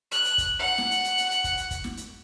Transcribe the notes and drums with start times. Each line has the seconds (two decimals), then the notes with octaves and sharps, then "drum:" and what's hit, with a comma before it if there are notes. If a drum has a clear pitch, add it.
0.12 F#6, drum: hi-hat
0.25 drum: hi-hat
0.38 drum: kick, hi-hat
0.59 F#5
0.78 drum: snare
0.91 drum: hi-hat
1.04 drum: hi-hat
1.18 drum: hi-hat
1.31 drum: hi-hat
1.44 drum: kick, hi-hat
1.57 drum: hi-hat
1.71 drum: kick, hi-hat
1.84 drum: snare
1.97 drum: hi-hat